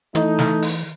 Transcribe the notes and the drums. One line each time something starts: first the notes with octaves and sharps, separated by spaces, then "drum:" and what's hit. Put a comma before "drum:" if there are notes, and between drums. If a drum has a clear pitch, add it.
E3 A3 D#4, drum: hi-hat
drum: snare
drum: open hi-hat